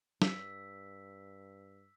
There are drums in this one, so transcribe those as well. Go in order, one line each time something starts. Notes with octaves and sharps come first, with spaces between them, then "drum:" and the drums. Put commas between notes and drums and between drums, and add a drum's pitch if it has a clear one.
G2 E6 B6, drum: snare